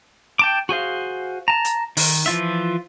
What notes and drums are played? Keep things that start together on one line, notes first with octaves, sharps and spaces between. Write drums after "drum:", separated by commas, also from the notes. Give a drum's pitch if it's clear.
G5 A5 D6
F#4 G#4 C5 F5
A5 A#5
drum: hi-hat
D#3, drum: open hi-hat
E3 F3 F4 E5